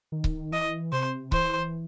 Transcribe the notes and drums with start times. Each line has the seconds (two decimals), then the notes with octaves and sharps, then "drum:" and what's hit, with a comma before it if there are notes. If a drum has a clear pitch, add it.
0.12 D#3
0.24 drum: kick C#1
0.52 E3 D#5
0.92 C3 C5
1.32 E3 C5, drum: kick C#1